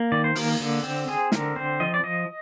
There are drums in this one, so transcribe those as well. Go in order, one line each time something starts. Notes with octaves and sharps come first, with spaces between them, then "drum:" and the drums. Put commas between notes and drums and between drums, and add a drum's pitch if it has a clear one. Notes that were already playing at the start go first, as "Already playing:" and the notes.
Already playing: A#3
D#3 D5
C5
A#3 A#4, drum: open hi-hat
D3
C4
C4 G#4
D3 A#4, drum: snare
C4 C5
F3 D#5
D5
F3 D#5